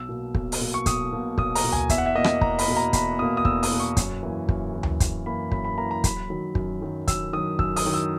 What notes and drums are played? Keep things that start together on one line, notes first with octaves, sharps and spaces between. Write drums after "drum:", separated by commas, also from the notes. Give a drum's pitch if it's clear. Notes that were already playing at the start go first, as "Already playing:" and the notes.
Already playing: B1 E6
B2 A#3
B1, drum: kick
drum: open hi-hat
B2 A#3
C#6
B1 D#6, drum: kick, hi-hat
B2 A#3
B1 D#6, drum: kick
A#5, drum: open hi-hat
B2 A#3
G#5, drum: tom D2
E2 E5, drum: kick, hi-hat
F#5
E5
B2 A#3 D#5
drum: rim click
E2 A#5, drum: kick
B5, drum: open hi-hat
B2 A#3
A#5
E2 B5, drum: kick, hi-hat
B2 A#3 D#6
D#6
E2 E6, drum: kick
D#6, drum: open hi-hat
B2 A#3
C#6
F#2, drum: kick, hi-hat
E3 A#3
F#2, drum: kick
E3 A#3
drum: tom D2
F#2, drum: kick, hi-hat
E3 A#3 B5
F#2 B5, drum: kick
B5
E3 A#3 A#5
A#5
F#2 B5, drum: kick, hi-hat
D#3 F#3
F#2, drum: kick
D#3 F#3
F#2 E6, drum: kick, hi-hat
D#3 F#3 D#6
F#2 E6, drum: kick
D#6, drum: open hi-hat
D#3 F#3
E6